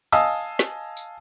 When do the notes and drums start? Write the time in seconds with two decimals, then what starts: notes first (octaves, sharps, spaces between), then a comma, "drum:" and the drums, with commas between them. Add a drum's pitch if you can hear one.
0.12 D#5 F5 G#5 A5 D#6 E6
0.59 drum: snare
0.97 drum: tambourine